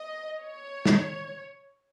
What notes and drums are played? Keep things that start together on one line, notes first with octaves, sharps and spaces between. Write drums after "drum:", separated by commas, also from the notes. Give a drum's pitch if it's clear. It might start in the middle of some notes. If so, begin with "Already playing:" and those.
Already playing: D#5
C#5
drum: snare